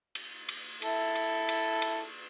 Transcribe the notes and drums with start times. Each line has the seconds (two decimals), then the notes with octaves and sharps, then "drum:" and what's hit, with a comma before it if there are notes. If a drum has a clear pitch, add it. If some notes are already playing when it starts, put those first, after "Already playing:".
0.15 drum: cymbal
0.49 drum: cymbal
0.82 E4 A4, drum: cymbal
1.15 drum: cymbal
1.49 drum: cymbal
1.82 drum: cymbal